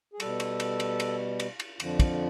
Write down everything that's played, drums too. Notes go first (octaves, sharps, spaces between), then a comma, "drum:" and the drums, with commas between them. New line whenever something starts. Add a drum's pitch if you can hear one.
G#4
B2 G3 A4, drum: cymbal
drum: cymbal
drum: cymbal
drum: cymbal
drum: cymbal
drum: cymbal
drum: cymbal
F2 D3 F3, drum: cymbal
drum: kick, cymbal